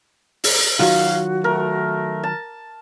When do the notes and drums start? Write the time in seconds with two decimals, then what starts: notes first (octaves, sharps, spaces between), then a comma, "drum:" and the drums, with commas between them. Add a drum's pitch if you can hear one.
0.44 drum: open hi-hat
0.79 D#3 F#3 F4 F#4 F5
1.44 A3 A#4
2.24 A5